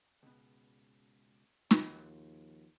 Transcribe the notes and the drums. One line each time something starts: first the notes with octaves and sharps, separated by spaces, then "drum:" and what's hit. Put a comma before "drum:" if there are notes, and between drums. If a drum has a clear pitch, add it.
C#2 B2
D#2 F3 F#4, drum: snare